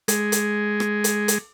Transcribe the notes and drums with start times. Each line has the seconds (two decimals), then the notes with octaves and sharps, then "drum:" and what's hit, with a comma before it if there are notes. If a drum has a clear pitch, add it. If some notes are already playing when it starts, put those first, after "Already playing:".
0.08 G#3, drum: hi-hat
0.32 drum: hi-hat
0.80 drum: rim click
1.04 drum: hi-hat
1.28 drum: hi-hat